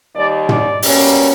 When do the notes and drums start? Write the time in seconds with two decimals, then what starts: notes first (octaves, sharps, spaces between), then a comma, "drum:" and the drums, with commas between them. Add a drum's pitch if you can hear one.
0.15 D#2 D#3 G3 D5
0.49 D5, drum: tom
0.82 B2 G3 A#3 C#4, drum: open hi-hat